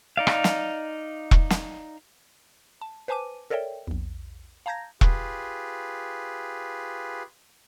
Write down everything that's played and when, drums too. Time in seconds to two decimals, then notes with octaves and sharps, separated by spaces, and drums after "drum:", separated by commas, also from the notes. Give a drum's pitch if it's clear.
0.17 D#4 D5 F5
0.27 drum: rim click
0.44 drum: snare
1.31 drum: kick E1
1.50 drum: snare
2.81 A5
3.08 B4 C5 G#5 A5 D6 D#7
3.50 A4 A#4 C#5 D5 E5 G5
3.87 A#1 E2
4.66 F5 A5 A#5 G6 G#6 A#6
5.01 F4 G4 G#4 B4, drum: kick E1